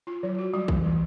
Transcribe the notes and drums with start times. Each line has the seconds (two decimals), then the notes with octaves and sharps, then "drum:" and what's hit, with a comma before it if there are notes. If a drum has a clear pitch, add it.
0.07 F4
0.23 F#3
0.39 F#4
0.54 G3
0.68 E3, drum: kick B1
0.84 E3